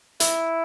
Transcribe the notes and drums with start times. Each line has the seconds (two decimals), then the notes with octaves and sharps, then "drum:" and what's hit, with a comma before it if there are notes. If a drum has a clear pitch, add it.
0.20 E4, drum: hi-hat